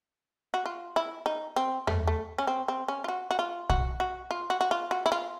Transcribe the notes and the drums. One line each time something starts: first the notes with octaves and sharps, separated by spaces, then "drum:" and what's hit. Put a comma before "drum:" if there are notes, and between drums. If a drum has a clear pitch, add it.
F#4
F4
E4
D#4
C4
A3, drum: tom E2
A3
C#4
C4
C4
C#4
F4
F#4
F#4
F4
F#4, drum: kick B1
F#4
F4
F#4
F#4
F4
F#4
E4
F4